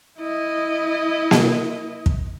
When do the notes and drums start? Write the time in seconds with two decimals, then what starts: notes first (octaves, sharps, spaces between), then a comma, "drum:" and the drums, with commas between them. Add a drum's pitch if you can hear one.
0.19 E4 D#5
1.31 drum: snare A#3
2.06 drum: kick